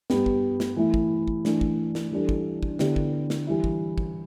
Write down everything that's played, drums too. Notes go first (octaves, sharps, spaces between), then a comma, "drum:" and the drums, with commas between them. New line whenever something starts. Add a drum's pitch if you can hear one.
G2 G3 B3 G4, drum: snare
drum: kick
drum: snare
E3 A3 E4
drum: kick
drum: kick
E3 A3 D4, drum: snare
drum: kick
drum: snare
E3 G3 D4 A4
drum: kick
drum: kick
D3 B3 E4 G4, drum: snare
drum: kick
drum: snare
E3 G3 E4
drum: kick
drum: kick